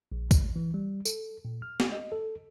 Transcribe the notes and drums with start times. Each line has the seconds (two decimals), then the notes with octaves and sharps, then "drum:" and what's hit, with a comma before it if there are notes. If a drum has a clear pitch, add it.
0.12 A#1
0.31 A1, drum: kick, tambourine
0.56 E3
0.74 G3
1.05 A4, drum: tambourine
1.45 A#2
1.62 F6
1.80 drum: snare
1.92 D#5
2.12 A4